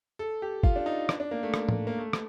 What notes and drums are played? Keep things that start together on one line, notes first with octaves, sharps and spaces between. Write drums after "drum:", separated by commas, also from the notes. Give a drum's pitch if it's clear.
A4
G4
F4, drum: kick G1
D4
D#4
D4, drum: rim click
D4
A#3
A3
drum: rim click
drum: tom A2
A#3
A3
drum: rim click